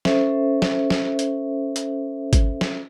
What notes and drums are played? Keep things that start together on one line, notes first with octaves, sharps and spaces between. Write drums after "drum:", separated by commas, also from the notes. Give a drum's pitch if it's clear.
C#4 A4 C5 E5, drum: snare
drum: snare
drum: snare
drum: hi-hat
drum: hi-hat
drum: kick G#1, hi-hat
drum: snare